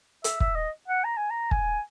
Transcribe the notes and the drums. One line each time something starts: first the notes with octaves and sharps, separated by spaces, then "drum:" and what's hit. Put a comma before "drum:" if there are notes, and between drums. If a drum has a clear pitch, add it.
E5, drum: hi-hat
E5, drum: kick
D#5
F#5
A#5
G#5
A#5
G#5, drum: kick